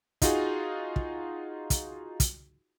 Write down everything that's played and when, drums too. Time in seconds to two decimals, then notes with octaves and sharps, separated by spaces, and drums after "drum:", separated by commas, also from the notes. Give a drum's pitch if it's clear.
0.22 D#4 F4 F#4 G#4, drum: kick, hi-hat
0.96 drum: kick
1.70 drum: kick, hi-hat
2.20 drum: kick, hi-hat